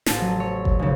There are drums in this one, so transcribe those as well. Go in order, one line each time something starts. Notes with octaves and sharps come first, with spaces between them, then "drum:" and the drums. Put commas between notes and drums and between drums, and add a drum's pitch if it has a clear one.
A1 A5 D#7, drum: snare
F#3
C#5
drum: kick G1
F1 C#3